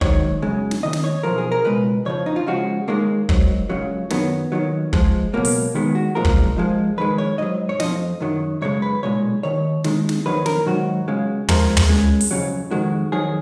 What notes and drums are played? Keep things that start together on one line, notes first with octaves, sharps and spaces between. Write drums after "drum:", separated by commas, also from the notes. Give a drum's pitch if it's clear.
G#2 D#3 F#3 C#5, drum: kick
F#2 C#3 G#3
drum: snare
D#2 D#3 D#5
drum: snare
C#5
B1 A#2 F3 A#4
G#4
A#4
C#2 B2 G#3 B4
F2 C#3 F3 C#5
D#4
F4
C#2 C#3 F3 G#3 F#4
D#2 D#3 G#3 A#3
G#2 F#3, drum: kick
C#2 C#3 F#3
F#2 D#3 F#3 B3, drum: snare
D#2 D#3 F#3
G#2 F3 G#3, drum: kick
C#2 B2 F#3 A#3
drum: open hi-hat
D#2 D#3 G#3 B3
F#4
B1 A#2 F3 G#3 A#4
drum: kick
G#2 F3 G#3
F2 D#3 G#3 B4
C#5
G#2 F#3 D#5
C#5
F2 F3 D#5, drum: snare
F#2 D#3 F#3
F#2 C#3 G#3 C#5
B4
B1 A#2 G#3 C#5
D#2 D#3 C#5
D#2 D#3 G#3, drum: snare
drum: snare
F2 D#3 F#3 B4
A#4, drum: snare
G#2 D#3 F#3 F#4
C#2 C#3 G#3
F2 F3 G#3 A#4, drum: tom
drum: tom
C#2 C#3 G#3
drum: open hi-hat
F2 C#3 F#3
F2 D#3 G#3 F#4
F2 D#3 F#3 G#4